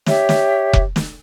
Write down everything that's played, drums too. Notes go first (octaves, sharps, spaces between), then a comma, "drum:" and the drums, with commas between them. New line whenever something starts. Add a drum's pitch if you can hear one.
G4 C#5 E5, drum: snare
drum: snare
drum: kick F1
drum: snare